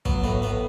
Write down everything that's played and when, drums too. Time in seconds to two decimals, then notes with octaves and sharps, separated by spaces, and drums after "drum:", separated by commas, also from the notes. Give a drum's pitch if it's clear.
0.05 F#3 B3, drum: kick
0.24 A2 B3
0.42 A2 B3